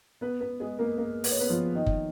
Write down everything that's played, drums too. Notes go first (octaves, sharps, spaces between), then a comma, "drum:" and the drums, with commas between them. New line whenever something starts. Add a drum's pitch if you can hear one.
B3 B4
B3 B4
G#3 G#4
A#3 A#4
A#3 A#4
B4, drum: open hi-hat
C#5
B3 B4
F3 F4
D#3 D#4
drum: kick F#1